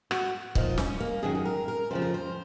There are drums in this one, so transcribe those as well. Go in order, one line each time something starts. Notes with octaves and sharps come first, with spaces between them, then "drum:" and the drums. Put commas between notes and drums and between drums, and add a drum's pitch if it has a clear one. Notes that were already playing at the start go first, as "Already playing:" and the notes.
F#4, drum: rim click
A#2 F3 D#4, drum: kick
C#4, drum: snare
A#3
F#2 D#3 F#3 G#4
G#4
A#4
A#4
F2 C#3 F3 C5
A#4
C5